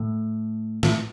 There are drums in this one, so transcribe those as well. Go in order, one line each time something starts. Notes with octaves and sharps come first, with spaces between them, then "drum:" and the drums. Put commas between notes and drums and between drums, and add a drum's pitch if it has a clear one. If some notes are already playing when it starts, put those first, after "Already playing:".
Already playing: A2
A2, drum: snare